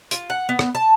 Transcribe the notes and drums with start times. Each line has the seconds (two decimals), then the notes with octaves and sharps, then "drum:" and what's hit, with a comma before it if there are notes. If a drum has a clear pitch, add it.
0.11 F4, drum: hi-hat
0.30 F#5
0.49 B3
0.59 drum: rim click
0.75 A5